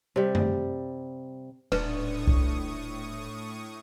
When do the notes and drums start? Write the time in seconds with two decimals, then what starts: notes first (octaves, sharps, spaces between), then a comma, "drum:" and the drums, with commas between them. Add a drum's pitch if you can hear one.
0.16 C3 G3
0.35 drum: tom F#2
1.72 D#1 A2 D4 B4 C#6 D#6, drum: cymbal
2.28 drum: kick C2